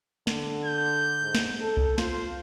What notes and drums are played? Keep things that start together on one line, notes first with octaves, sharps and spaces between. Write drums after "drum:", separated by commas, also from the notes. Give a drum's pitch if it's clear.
D3, drum: snare
G6
G#2
drum: snare
A4
drum: kick C2
F4 C5, drum: snare